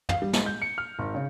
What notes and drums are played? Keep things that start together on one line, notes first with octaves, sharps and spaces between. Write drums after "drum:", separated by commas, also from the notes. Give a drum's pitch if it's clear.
F5, drum: tom
G3
G#3, drum: snare
G6
C#7
F6
G#1
C#3